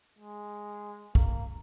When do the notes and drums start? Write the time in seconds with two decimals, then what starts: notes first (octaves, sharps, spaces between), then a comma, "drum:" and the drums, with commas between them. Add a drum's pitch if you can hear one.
0.19 G#3
1.15 A#3, drum: kick